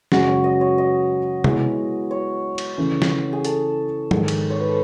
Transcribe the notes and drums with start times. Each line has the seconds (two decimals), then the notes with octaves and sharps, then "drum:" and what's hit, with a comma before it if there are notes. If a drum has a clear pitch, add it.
0.12 F#2 C#3 G#3 F#4, drum: snare
0.27 C#5
0.44 D#5
0.61 C#5
0.78 D#5
1.44 G#3 B3 E4, drum: tom C3
2.11 C#5
2.58 drum: cymbal
2.78 C#3 E3 A3 C#4
3.02 drum: snare
3.33 G#4
3.45 A4, drum: hi-hat
4.11 G#2 D#3 G#3, drum: tom
4.28 drum: cymbal
4.50 C#5
4.60 B4
4.69 A4